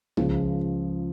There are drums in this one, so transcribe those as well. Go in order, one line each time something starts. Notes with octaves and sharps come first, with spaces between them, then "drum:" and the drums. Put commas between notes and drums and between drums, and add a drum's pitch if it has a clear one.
C#2 C#3 F3, drum: tom